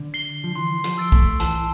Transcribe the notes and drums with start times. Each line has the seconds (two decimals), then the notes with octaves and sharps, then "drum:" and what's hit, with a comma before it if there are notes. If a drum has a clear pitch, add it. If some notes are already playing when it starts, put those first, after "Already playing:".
Already playing: D3
0.14 C7 G7
0.44 F3
0.55 E3 C6
0.84 F3, drum: hi-hat
0.98 E6 A6 D7 G7
1.12 A3, drum: kick
1.40 E3 A5, drum: hi-hat